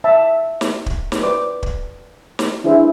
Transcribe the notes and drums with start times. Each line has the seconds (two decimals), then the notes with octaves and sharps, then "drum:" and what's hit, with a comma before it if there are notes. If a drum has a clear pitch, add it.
0.04 C5 E5 A5
0.61 drum: snare
0.86 drum: kick
1.12 drum: snare
1.22 B4 C5 D5 D6
1.63 drum: kick
2.39 drum: snare
2.64 D4 E4 G#4 C5 E5